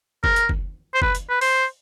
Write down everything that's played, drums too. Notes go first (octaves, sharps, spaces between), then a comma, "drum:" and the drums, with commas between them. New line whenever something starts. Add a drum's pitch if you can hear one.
A#4, drum: kick F#1
drum: hi-hat
drum: kick F#1
C5
B4, drum: kick F#1
drum: hi-hat
B4
C5, drum: open hi-hat